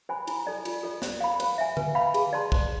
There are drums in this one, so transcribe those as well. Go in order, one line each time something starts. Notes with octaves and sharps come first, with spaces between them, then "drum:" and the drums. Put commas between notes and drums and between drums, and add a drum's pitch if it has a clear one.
C5 G#5 B5
E4, drum: cymbal
A4 D5 A5
F4, drum: cymbal
A4 D5
C5, drum: snare
F5 B5
C5, drum: cymbal
E5 G#5
B4, drum: tom D3
F5 B5
G#4, drum: cymbal
D5 A5 C6
C5, drum: kick